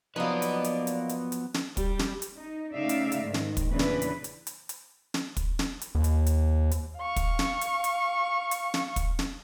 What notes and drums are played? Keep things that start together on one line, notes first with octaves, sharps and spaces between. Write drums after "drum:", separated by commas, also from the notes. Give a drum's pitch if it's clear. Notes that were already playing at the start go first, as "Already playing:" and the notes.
F3 F#3 A#3 B3 D#4 B4 D5
drum: hi-hat
drum: hi-hat
drum: hi-hat
drum: hi-hat
drum: hi-hat
drum: snare
G3, drum: kick, hi-hat
drum: snare
drum: hi-hat
D#4
C#3 A3 D#4 D5 E5 F5
drum: hi-hat
drum: hi-hat
G#2 D#3
drum: snare
drum: kick, hi-hat
E2 A#2 C#3 E3 D4 B4
drum: snare
drum: hi-hat
drum: hi-hat
drum: hi-hat
drum: hi-hat
drum: snare
drum: kick, hi-hat
drum: snare
drum: hi-hat
D#2
drum: hi-hat
drum: hi-hat
drum: hi-hat
F5 C#6
drum: kick, hi-hat
drum: snare
drum: hi-hat
drum: hi-hat
drum: hi-hat
drum: snare
drum: kick, hi-hat
drum: snare